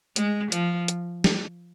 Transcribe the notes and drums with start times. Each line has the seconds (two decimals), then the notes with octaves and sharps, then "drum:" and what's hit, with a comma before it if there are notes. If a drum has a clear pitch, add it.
0.16 G#3, drum: hi-hat
0.52 F3, drum: hi-hat
0.88 drum: hi-hat
1.24 drum: snare